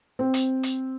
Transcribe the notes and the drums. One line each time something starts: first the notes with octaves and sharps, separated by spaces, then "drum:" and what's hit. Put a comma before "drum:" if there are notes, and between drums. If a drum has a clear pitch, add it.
C4
drum: hi-hat
drum: hi-hat